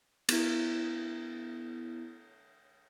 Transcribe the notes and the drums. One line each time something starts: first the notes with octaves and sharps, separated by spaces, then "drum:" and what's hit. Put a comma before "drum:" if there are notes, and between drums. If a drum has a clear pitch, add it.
B3 E4, drum: cymbal